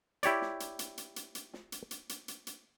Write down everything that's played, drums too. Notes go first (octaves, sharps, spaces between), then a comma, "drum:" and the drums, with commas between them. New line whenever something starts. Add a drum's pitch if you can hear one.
E4 G4 C#5 D5, drum: hi-hat
drum: snare
drum: hi-hat
drum: hi-hat
drum: hi-hat
drum: hi-hat
drum: hi-hat
drum: snare
drum: hi-hat
drum: hi-hat
drum: hi-hat
drum: hi-hat
drum: hi-hat